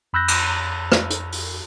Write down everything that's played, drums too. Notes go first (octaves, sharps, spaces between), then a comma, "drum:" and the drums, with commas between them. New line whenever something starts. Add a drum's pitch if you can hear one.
F2 B5 E6 F#6 G6 A#6
drum: cymbal
drum: rim click
drum: hi-hat
drum: open hi-hat